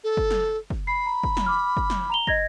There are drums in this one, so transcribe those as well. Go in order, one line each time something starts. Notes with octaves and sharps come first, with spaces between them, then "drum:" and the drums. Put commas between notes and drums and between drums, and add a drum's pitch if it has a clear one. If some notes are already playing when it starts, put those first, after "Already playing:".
A4
drum: kick
drum: snare
drum: kick
B5 C7
A#5
drum: kick
drum: snare
D6 F6
drum: kick
drum: snare
A#5 F7 G7
D#5 G#6 A#6, drum: kick